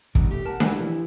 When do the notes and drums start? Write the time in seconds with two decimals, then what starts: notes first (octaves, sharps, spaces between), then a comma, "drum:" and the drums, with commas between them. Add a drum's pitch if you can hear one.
0.15 B2 D#3 G3, drum: kick
0.31 A3 G4
0.45 A#4 F#5 A5
0.60 E3 E4 G4, drum: snare D4
0.79 C3 F3